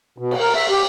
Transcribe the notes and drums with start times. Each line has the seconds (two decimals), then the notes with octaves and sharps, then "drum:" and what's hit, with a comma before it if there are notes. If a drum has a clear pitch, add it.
0.18 B2
0.31 drum: cymbal
0.41 A#4
0.55 E5
0.70 G4